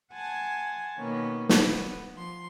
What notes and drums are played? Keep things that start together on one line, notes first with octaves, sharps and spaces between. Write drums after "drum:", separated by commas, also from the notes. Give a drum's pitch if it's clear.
F#5 G#5 A5 C6 G#6
B2 D#3 A#3 B3 C#4
B3, drum: snare
F3 C6